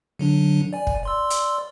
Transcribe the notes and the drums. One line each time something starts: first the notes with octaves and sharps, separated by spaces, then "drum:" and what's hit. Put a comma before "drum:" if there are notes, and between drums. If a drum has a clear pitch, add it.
D3 F#3 D4
D5 G#5
drum: kick
D5 C6 E6
drum: hi-hat